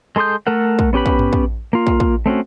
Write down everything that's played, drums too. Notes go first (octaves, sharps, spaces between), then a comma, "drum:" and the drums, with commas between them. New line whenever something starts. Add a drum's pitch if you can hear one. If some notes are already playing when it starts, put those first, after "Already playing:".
G#3 A4 C6 D#6 G6
A3 A4 A#4 F#5
drum: kick
B3 C#4 G4 B4 B5
drum: kick
drum: tom G2
drum: kick
A#3 F4
drum: kick
drum: kick
A3 C4 C#4 F#4